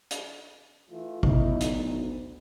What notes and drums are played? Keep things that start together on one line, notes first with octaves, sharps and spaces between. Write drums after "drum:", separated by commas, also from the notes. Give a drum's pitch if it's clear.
drum: hi-hat
E3 A3 F4
B1 D#4 E4, drum: kick G#1
drum: hi-hat
D2